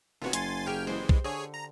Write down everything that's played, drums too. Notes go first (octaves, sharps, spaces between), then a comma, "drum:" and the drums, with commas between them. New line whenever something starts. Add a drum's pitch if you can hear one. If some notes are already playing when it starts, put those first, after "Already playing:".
D#1 C3 B3 F4 F#4 C#5
F#1 G#5 C6 A6, drum: hi-hat
C#3 G4 G5 G#5 F6
E3 G#3 C5 G5
drum: kick B1
D3 G#4 C#5
A#5